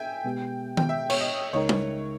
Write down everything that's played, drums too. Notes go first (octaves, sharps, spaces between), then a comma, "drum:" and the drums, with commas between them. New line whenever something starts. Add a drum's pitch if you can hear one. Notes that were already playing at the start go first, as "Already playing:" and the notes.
Already playing: E5 G5 G#5
B2 G#3 B3 G4
G5, drum: tom D#3
E5
C#5, drum: cymbal
D#5
C#2 C#3 G#3 D#4 A#4 C#5
drum: tom